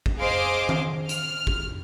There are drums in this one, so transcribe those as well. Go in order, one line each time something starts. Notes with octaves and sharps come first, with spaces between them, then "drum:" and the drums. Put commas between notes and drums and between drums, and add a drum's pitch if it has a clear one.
drum: kick
G#4 C5 D#5 F5 C6 D6
drum: tom D#3
F6, drum: hi-hat
drum: kick